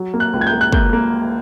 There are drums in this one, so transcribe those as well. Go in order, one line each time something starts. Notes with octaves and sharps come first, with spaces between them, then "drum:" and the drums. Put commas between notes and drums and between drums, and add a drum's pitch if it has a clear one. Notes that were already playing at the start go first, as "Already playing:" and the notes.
Already playing: F#3
A#3
F#6
C#2
G#6
G6
A#3
F#6
A#3 G6, drum: kick
A#3